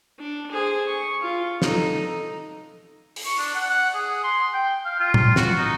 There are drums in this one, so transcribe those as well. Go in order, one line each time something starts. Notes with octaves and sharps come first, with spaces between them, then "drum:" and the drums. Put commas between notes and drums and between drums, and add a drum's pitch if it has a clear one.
D4
G#4 C5
C#6
F4
D#4 A4, drum: snare
drum: open hi-hat
C#6
D4
F#5
F#5
G#4
C6
G5
F5
F4
drum: tom A2
F#4, drum: snare
D#4